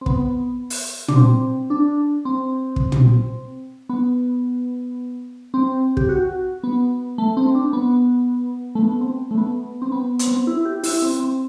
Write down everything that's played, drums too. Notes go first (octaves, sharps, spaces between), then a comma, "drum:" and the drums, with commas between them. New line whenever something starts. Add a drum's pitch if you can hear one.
C4
B3, drum: kick
drum: open hi-hat
D4, drum: tom
C4
D4
C4
drum: kick
drum: tom
B3
C4
G4, drum: kick
F#4
B3
A3
C4
D4
B3
A3
B3
C4
A3
B3
C4
B3
C4, drum: hi-hat
B3
C4
E4
G4
E4, drum: open hi-hat
C4
C4